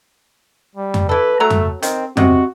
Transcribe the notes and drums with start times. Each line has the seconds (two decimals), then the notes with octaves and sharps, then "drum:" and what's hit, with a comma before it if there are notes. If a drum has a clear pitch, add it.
0.76 G3
0.94 drum: tom F2
1.09 E3 A4 B4
1.40 F#3 A3 A4 A#5
1.50 drum: tom F2
1.82 D#3 C4, drum: hi-hat
2.17 C3 C4 F#4 D#5 F#5, drum: tom F2